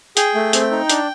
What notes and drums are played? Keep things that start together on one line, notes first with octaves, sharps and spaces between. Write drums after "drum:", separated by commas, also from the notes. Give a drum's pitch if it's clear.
G#4 G5, drum: hi-hat
A3
C4, drum: hi-hat
D#4
D4, drum: hi-hat